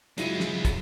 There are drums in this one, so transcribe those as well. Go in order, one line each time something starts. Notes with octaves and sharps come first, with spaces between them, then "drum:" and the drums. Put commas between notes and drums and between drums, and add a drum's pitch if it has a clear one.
F#3 G#3 E4 F4 D#7, drum: hi-hat
drum: snare
F#2, drum: kick, hi-hat